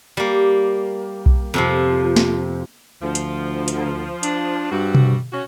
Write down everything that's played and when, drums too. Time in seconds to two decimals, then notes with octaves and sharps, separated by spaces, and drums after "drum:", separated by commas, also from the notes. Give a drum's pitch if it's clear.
0.17 G3 A#3
1.26 drum: kick B1
1.54 F2 C3 F3
2.16 drum: snare
3.02 D2 F3
3.15 drum: hi-hat
3.68 drum: hi-hat
4.23 D4, drum: hi-hat
4.72 G2 G3 C4 F#4
4.95 drum: tom B2
5.32 C#4 F#4